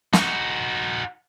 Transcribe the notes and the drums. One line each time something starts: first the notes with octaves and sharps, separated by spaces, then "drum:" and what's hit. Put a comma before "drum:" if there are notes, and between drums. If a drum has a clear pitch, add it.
D#4 F#4, drum: snare